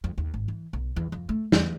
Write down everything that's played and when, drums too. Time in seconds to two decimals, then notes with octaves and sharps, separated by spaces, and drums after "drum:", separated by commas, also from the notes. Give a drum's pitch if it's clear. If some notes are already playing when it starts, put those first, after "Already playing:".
0.04 F2
0.18 D#2
0.34 G#1
0.48 E3
0.73 B1
0.96 E2
1.12 F2
1.29 A3
1.52 E2, drum: snare